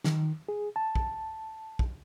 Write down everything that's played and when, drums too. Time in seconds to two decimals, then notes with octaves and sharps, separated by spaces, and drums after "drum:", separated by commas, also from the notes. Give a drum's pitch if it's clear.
0.04 D#3, drum: snare
0.49 G#4
0.76 A5
0.95 drum: kick
1.79 drum: kick